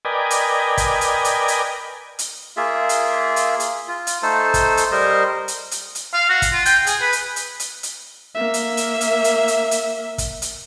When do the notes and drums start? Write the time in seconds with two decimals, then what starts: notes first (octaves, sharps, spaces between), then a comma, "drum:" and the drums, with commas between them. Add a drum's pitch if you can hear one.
0.05 A#4 B4 D5 D#5 G5 G#5
0.30 drum: hi-hat
0.78 drum: kick, hi-hat
1.01 drum: hi-hat
1.25 drum: hi-hat
1.48 drum: hi-hat
2.19 drum: hi-hat
2.57 A#3 F4 G#4 E5
2.89 drum: hi-hat
3.36 drum: hi-hat
3.60 drum: hi-hat
3.88 F4
4.07 drum: hi-hat
4.23 A3 D#4 A4 C5
4.54 drum: kick, hi-hat
4.77 drum: hi-hat
4.92 G3 A#4 C5 D#5
5.48 drum: hi-hat
5.71 drum: hi-hat
5.95 drum: hi-hat
6.14 F5
6.29 F#4
6.42 drum: kick, hi-hat
6.53 F4
6.65 G5, drum: hi-hat
6.87 G#4, drum: hi-hat
7.02 B4
7.13 drum: hi-hat
7.36 drum: hi-hat
7.60 drum: hi-hat
7.83 drum: hi-hat
8.35 A#3 E5
8.54 drum: hi-hat
8.77 drum: hi-hat
9.01 drum: hi-hat
9.24 drum: hi-hat
9.48 drum: hi-hat
9.71 drum: hi-hat
10.18 drum: kick, hi-hat
10.42 drum: hi-hat